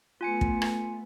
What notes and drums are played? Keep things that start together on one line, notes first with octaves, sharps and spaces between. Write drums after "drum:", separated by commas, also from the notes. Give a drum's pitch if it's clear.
A3 B3 F4 G#5 C#7
drum: kick
drum: rim click